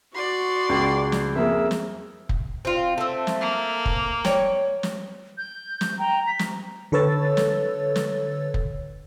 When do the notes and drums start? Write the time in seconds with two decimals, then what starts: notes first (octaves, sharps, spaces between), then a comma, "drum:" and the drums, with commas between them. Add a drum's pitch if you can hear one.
0.15 F#4 D5 C6
0.69 C#2
1.12 drum: snare
1.36 F2 A#3 G#4 E5
1.71 drum: snare
2.29 drum: kick
2.65 C4 F4
2.98 A3 C4
3.27 drum: snare
3.41 A#3
3.86 drum: kick
4.25 C#5 G5, drum: snare
4.83 drum: snare
5.38 G6
5.81 drum: snare
5.99 G5 A#5
6.27 B6
6.39 drum: snare
6.92 D3 A4 B4 C#5 E6 A6
7.37 drum: snare
7.96 drum: snare
8.54 drum: kick